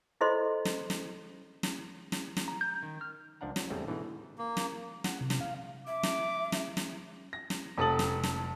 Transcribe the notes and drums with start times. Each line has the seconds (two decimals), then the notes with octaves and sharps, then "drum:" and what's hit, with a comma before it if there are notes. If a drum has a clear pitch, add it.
0.21 E4 F4 A4 C5 D#5 C6
0.65 drum: snare
0.90 drum: snare
1.63 drum: snare
2.12 drum: snare
2.37 drum: snare
2.48 A#5
2.61 G6
2.83 D#3
3.01 F6
3.41 C#2 F3 D4 F#5 A#5
3.56 F#3, drum: snare
3.70 E2 G#2 C#3 G3 A3 C4
3.88 G#2 B2 D3 E3
4.38 A#3
4.57 drum: snare
5.04 F#5, drum: snare
5.21 C3
5.30 drum: snare
5.41 F5
5.87 E5 D6
6.03 drum: snare
6.52 drum: snare
6.77 drum: snare
7.33 A#6
7.50 drum: snare
7.78 F1 A4 D#6 A6 F#7
7.99 drum: snare
8.23 drum: snare